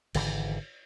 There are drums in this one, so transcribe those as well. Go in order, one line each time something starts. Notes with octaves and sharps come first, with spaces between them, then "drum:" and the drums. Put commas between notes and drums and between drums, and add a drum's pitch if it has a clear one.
G#1 D3 E3, drum: cymbal